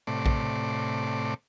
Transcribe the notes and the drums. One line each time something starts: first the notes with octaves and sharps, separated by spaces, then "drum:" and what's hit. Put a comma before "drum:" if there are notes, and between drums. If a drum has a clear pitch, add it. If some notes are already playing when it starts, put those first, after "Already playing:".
A2 C3 D5
drum: kick A#1